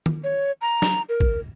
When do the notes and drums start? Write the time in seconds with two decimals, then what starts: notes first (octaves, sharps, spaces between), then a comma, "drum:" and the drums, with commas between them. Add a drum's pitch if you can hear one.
0.06 drum: tom D#3
0.24 C#5
0.61 A#5
0.82 drum: snare
1.09 A#4
1.20 drum: kick